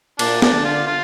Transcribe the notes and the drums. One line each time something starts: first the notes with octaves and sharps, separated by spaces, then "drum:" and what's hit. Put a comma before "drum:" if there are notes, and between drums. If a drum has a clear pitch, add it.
A#2 D4, drum: cymbal
D4, drum: snare B3
D3
F4
F4